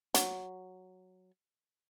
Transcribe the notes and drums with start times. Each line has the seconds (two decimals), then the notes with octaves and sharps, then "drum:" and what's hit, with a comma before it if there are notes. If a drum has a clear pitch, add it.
0.14 F#3, drum: hi-hat